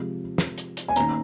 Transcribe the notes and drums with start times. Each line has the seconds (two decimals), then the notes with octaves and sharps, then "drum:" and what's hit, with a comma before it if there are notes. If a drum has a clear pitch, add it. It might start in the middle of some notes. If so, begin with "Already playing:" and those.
Already playing: C3 F3 G#3
0.38 drum: snare
0.58 drum: hi-hat
0.77 drum: hi-hat
0.88 G#5
0.96 D#3 A#3 C#4 A#5, drum: hi-hat